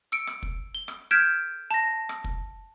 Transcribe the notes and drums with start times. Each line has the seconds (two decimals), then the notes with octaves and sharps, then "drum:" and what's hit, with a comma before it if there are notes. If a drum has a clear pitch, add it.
0.12 E6 C#7 D7
0.27 drum: rim click
0.42 drum: kick
0.74 G7
0.88 drum: rim click
1.11 F6 G6 G#6 B6 D7 E7
1.71 A5 A#6
2.09 drum: rim click
2.24 drum: kick